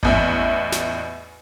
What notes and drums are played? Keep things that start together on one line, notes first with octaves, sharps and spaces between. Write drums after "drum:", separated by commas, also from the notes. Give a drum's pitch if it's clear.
A1 E2 E5, drum: kick G#1
drum: snare